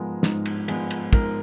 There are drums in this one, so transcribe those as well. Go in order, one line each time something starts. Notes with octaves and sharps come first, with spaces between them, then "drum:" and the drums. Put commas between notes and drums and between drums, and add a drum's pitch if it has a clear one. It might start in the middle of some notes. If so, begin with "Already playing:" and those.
Already playing: G#2 F3 G#3 B3 A#4
G#2, drum: snare
drum: cymbal
F3 G#3 B3, drum: cymbal
drum: cymbal
G#2 A#4, drum: kick, cymbal